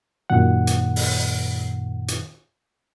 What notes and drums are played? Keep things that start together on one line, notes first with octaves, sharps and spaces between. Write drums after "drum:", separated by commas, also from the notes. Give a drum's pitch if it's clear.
F#2 A#2 D#3 F#5
drum: hi-hat
drum: open hi-hat
drum: hi-hat